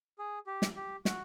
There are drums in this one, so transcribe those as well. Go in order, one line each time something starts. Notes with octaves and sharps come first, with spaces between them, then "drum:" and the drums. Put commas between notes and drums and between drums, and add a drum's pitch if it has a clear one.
G#4
G4
drum: snare
G4
F#4, drum: snare